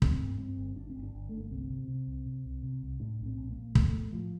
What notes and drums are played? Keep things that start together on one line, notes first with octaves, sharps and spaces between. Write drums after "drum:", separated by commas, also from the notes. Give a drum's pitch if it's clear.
G2 C4, drum: kick
G2
G2 C4
G1
G1 D4
C4
G1
D4
G1
G1 A3
A#3
C2 C4
C3
C3
C2
C3
C2
C3
C2
A2 D4
A#1
C4
A#1
A#3
A#1
A2 A3, drum: kick
A2
A2 F3